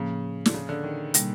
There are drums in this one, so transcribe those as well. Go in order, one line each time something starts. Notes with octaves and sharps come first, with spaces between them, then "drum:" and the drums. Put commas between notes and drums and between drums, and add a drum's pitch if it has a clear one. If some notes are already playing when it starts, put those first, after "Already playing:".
Already playing: A2 C#3 F3 A#3
D3, drum: snare
C#3
D3
D#3
B2 G3 A#3, drum: hi-hat